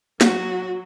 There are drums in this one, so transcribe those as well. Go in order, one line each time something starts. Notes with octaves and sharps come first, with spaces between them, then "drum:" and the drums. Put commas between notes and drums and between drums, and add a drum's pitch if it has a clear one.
F#3 F#4, drum: snare